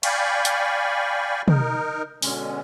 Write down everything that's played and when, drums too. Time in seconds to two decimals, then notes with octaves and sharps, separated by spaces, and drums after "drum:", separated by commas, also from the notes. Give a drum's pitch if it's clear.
0.03 D5 F5 G5 G#5 B5 C#6, drum: cymbal
0.45 drum: hi-hat
1.48 D#4 A#4, drum: tom
2.22 B2 D3 G#3 C#4, drum: open hi-hat